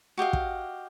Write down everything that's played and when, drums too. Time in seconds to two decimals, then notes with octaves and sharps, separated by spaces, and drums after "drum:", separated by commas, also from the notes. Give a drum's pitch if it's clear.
0.18 F#4 G4 D#5 F5
0.33 drum: kick